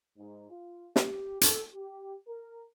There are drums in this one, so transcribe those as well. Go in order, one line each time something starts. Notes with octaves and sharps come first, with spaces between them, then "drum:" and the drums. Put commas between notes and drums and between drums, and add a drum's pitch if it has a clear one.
G#2
F4
G4, drum: snare
A4, drum: hi-hat
G4
A#4